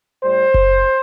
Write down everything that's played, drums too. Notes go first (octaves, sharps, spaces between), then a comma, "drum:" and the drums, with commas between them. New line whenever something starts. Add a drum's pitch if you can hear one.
A2 G3 C5
drum: kick F#1